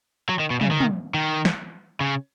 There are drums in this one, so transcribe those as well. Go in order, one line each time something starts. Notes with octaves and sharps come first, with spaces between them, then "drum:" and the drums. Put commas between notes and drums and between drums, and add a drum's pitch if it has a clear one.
F#3
D#3
B2
C#3, drum: tom
D#3
drum: tom
D#3
drum: snare
C#3